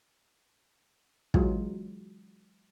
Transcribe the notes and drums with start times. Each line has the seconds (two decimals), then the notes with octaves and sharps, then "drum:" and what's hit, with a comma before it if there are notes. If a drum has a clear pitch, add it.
1.34 E3 F#3 G#3 F4, drum: kick